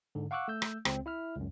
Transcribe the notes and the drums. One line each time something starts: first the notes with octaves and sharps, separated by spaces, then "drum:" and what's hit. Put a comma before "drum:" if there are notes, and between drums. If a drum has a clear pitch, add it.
G#2 D3
F5 F#5 C#6 D6 E6 F#6
A3 E6 G6
drum: rim click
C#2 C4, drum: rim click
E4 E5 F6
C#2 F#2